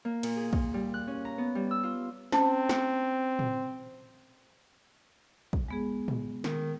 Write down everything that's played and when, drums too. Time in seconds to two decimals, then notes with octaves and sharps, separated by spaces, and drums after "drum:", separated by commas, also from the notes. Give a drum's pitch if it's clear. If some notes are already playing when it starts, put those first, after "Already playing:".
0.05 A#3
0.23 A#2, drum: cymbal
0.36 G#4
0.53 A#2, drum: kick
0.74 G3
0.94 F#6
1.07 C#4
1.25 A#5
1.38 B3
1.55 G3
1.71 E6
1.84 F4
2.32 C4 C#4 C5 A5, drum: snare
2.69 drum: snare
3.39 drum: tom
5.53 drum: kick
5.68 G#3 B3 G#4
6.08 drum: tom
6.44 D#3, drum: snare